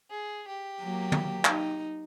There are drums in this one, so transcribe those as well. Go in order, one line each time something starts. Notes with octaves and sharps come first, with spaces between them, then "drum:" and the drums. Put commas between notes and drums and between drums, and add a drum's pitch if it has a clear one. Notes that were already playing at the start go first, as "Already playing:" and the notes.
G#4
G4
F#3 A#3
drum: tom
D#4, drum: clap